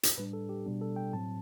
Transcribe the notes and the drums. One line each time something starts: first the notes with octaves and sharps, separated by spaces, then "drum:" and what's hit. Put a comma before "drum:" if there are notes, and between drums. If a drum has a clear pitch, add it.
drum: hi-hat
A2 G3 D4 B4
A4
G4
B2 G3 B3 D4
A4
G5
A2 F#3 C4 A5